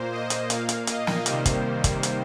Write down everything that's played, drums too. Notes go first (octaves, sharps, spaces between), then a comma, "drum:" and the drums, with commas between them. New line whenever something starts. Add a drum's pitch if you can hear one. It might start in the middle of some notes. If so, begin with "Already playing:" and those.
Already playing: A#2 A#3 C5
D#5
drum: hi-hat
A#2 A#3 F5, drum: hi-hat
drum: hi-hat
D#5, drum: hi-hat
drum: snare
C3 D#3 G3 A#3 C5, drum: hi-hat
drum: kick, hi-hat
drum: kick, hi-hat
drum: hi-hat